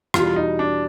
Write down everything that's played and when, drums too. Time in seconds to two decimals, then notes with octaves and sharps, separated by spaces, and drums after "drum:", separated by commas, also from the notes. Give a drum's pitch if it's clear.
0.14 E2 B2 G3 F4, drum: rim click
0.36 D#4
0.59 D4